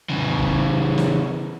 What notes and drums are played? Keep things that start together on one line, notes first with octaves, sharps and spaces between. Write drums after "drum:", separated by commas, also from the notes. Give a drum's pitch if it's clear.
C#3 E3
drum: kick
drum: snare